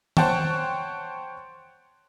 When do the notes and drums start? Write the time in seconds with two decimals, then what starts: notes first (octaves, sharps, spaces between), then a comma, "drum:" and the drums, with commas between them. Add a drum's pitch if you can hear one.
0.17 C5 C#5 F#5 G5 A5 C#6, drum: tom D#3